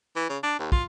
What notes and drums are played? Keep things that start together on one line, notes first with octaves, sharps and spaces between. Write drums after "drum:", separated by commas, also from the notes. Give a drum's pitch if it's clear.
E3
C#3
D4
D#2
F4, drum: kick